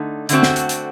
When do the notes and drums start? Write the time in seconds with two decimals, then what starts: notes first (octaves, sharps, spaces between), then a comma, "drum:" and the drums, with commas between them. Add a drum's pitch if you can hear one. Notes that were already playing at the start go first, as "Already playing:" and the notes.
Already playing: D3 A3 D#4
0.29 D3 A3 C4 F#4, drum: hi-hat
0.43 drum: snare
0.56 drum: hi-hat
0.69 drum: hi-hat